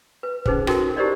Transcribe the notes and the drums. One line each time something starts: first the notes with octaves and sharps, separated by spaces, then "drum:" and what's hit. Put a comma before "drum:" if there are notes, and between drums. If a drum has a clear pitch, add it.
B4
C#4 D#4 G#4 B4 C5, drum: kick
D#4 F#4 A4 A#4 G5, drum: rim click
E4 G4 A#4 C5 D5 D#5